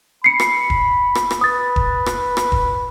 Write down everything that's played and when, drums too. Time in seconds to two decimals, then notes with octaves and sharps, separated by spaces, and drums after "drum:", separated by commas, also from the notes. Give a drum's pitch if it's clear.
0.24 B5 C7 C#7
0.40 drum: rim click
0.70 drum: kick E1
1.15 drum: rim click
1.31 drum: rim click
1.41 B4 D#6 A6
1.76 drum: kick E1
2.06 drum: rim click
2.37 drum: rim click
2.52 drum: kick E1